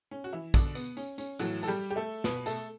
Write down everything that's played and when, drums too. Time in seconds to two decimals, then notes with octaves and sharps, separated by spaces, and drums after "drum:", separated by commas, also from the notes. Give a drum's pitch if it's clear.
0.11 C#4
0.24 F#4
0.33 E3 E4
0.54 B2 D3 D4, drum: kick, tambourine
0.75 B3, drum: tambourine
0.97 C#4, drum: tambourine
1.18 C#4, drum: tambourine
1.39 A2 E3 F#3 F#4, drum: tambourine
1.63 A4, drum: tambourine
1.67 G3 G4
1.91 G4
1.96 A3 A4
2.24 B2 B3 B4, drum: snare
2.46 A3 A4, drum: tambourine